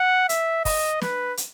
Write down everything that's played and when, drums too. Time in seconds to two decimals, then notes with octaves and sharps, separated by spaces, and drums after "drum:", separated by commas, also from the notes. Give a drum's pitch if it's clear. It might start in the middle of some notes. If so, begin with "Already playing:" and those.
Already playing: F#5
0.29 E5, drum: hi-hat
0.65 D#5, drum: kick, open hi-hat
1.02 B4, drum: snare
1.37 drum: hi-hat